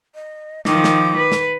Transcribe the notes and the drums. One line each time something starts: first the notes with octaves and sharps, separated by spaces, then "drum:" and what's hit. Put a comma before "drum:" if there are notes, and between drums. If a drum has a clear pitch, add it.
D#5
D#3 F3 D6, drum: snare
drum: snare
B4
drum: snare